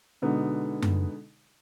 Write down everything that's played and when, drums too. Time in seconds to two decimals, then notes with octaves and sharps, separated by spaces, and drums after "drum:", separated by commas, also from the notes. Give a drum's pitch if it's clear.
0.22 B2 D3 G#3 B3 D#4
0.82 drum: tom F#2